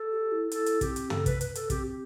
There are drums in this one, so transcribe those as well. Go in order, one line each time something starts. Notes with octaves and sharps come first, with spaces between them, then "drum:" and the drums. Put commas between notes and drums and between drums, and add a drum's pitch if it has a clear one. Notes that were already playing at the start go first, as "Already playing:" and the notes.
Already playing: A4
G4
E4
E4 A4, drum: hi-hat
drum: hi-hat
C4 G4, drum: kick, hi-hat
drum: hi-hat
A4, drum: tom
B4, drum: kick, hi-hat
B4, drum: hi-hat
A4, drum: hi-hat
C4 G4, drum: kick, hi-hat
G4